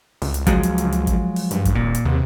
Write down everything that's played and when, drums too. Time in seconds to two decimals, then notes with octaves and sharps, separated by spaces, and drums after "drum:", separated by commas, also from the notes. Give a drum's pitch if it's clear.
0.22 C#2, drum: open hi-hat
0.34 drum: hi-hat
0.47 F3 F#3 G#3, drum: kick, hi-hat
0.63 drum: hi-hat
0.78 drum: hi-hat
0.92 drum: hi-hat
1.07 drum: kick, hi-hat
1.36 drum: open hi-hat
1.51 G2, drum: hi-hat
1.65 drum: kick, hi-hat
1.75 D#1 A#2
1.95 drum: hi-hat
2.05 D#2 C3